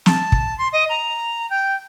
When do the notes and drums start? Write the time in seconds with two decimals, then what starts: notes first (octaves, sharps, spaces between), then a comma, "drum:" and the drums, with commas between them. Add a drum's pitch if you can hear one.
0.06 A5, drum: snare
0.32 drum: kick
0.58 C6
0.73 D#5
0.89 A#5
1.50 G5